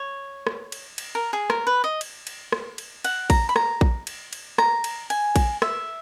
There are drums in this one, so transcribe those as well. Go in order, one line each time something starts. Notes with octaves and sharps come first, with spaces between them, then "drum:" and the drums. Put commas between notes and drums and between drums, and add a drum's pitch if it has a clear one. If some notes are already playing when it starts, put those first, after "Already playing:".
Already playing: C#5
drum: rim click
drum: cymbal
drum: cymbal
A#4
G#4
A#4, drum: rim click
B4
D#5
drum: cymbal
drum: cymbal
drum: rim click
drum: cymbal
F#5, drum: cymbal
A#5, drum: kick A#1, cymbal
B5
A#5, drum: rim click
drum: kick A#1
drum: cymbal
drum: cymbal
A#5, drum: rim click
drum: cymbal
G#5, drum: cymbal
drum: kick A#1, cymbal
E5, drum: rim click